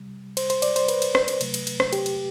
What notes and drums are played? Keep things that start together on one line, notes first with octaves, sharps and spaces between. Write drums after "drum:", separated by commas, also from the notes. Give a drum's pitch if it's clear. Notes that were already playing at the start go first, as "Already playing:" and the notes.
Already playing: C3 G3
C5, drum: cymbal
C5, drum: cymbal
D5, drum: cymbal
C5, drum: cymbal
B4, drum: cymbal
drum: cymbal
drum: rim click
drum: cymbal
C3 F#3 A3, drum: cymbal
drum: cymbal
drum: cymbal
drum: rim click
G4, drum: cymbal
drum: cymbal